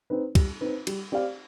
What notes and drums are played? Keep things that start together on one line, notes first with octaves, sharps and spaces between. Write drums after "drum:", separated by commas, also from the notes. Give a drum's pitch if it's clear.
C4 D#4 B4
G3, drum: kick, cymbal
C4 D#4 B4
G3, drum: cymbal
C4 G4 D5 F5